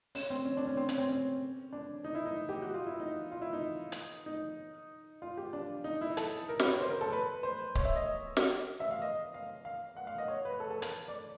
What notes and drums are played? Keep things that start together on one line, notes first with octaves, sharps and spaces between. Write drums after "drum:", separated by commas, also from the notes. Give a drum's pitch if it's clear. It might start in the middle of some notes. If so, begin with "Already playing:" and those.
C#4, drum: open hi-hat
C4
C#4
D4
C#4
C4
C#4, drum: hi-hat
C4
C#4
D4
D#4
E4
D#4
G4
F#4
F4
E4
D#4
F4
E4
D#4
drum: hi-hat
D#4
F4
G4
D4
D#4
E4
A4, drum: hi-hat
A#4
B4, drum: snare
C#5
C5
A#4
A4
B4
C5
C#5, drum: kick C#1
E5
D#5
drum: snare
E5
F5
D#5
F5
F5
F#5
F5
D#5
C#5
B4
A4
A4
A#4, drum: hi-hat
D5